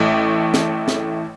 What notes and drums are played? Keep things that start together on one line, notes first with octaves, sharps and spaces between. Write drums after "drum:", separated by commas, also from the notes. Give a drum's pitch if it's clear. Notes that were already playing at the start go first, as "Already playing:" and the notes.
Already playing: A1 A2 A3
drum: snare
drum: snare